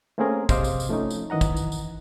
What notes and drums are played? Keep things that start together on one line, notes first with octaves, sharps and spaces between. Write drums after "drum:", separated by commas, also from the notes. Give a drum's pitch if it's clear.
A3 A#3 C4 C#4 G#4 A#4
C3 C5 D#5 F5 D6, drum: kick, tambourine
drum: tambourine
drum: tambourine
F3 A3 C#4 D#4
drum: tambourine
D#3 E3 D#5 F#5 A#5
drum: kick, tambourine
drum: tambourine
drum: tambourine